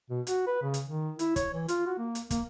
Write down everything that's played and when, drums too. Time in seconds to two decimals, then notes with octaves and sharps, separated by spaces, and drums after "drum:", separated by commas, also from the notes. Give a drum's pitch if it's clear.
0.10 B2
0.27 F#4, drum: hi-hat
0.47 B4
0.63 C#3
0.74 drum: hi-hat
0.87 D#3
1.19 E4, drum: hi-hat
1.36 C#5, drum: kick, hi-hat
1.54 E3
1.68 F4, drum: hi-hat
1.87 F#4
1.98 A#3
2.15 drum: hi-hat
2.31 A#3, drum: kick, hi-hat